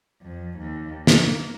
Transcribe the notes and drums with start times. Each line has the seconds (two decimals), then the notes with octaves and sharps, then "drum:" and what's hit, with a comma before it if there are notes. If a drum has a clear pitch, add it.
0.22 F2
0.59 D#2
1.07 A#3, drum: snare